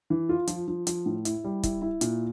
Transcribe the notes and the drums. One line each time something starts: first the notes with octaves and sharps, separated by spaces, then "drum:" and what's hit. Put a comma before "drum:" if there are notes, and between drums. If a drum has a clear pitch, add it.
E3
F4
F3, drum: hi-hat
F3
F3, drum: hi-hat
A2
E4, drum: hi-hat
G3
E4, drum: kick, hi-hat
E4
A#2, drum: hi-hat